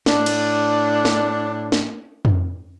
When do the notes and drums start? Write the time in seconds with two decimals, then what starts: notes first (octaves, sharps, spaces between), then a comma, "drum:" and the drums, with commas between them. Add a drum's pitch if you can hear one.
0.06 A2 D4, drum: snare
0.26 drum: cymbal
1.05 drum: snare
1.72 drum: snare
2.25 drum: tom F2